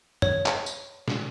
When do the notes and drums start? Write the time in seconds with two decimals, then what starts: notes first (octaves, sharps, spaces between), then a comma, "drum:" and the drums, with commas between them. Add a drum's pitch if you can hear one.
0.22 C#5, drum: tom
0.46 drum: clap
0.66 drum: tambourine
1.08 drum: snare